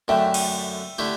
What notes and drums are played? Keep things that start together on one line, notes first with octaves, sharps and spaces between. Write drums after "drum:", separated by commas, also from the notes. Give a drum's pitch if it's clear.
F#2 D3 A3 E5 G5
drum: cymbal
D3 A3 E4 G4